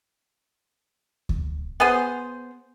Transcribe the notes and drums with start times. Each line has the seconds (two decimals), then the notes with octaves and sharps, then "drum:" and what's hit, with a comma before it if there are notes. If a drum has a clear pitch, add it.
1.29 drum: kick D2
1.80 B3 G#4 C5